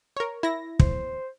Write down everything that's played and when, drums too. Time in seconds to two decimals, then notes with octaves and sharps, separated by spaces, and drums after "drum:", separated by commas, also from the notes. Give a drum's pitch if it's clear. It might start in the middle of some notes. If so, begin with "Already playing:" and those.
0.17 A#4 C#5
0.43 E4 A#6
0.79 C5, drum: kick